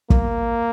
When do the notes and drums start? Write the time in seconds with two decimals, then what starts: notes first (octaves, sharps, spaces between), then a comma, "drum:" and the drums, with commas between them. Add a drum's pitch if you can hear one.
0.10 A#3, drum: kick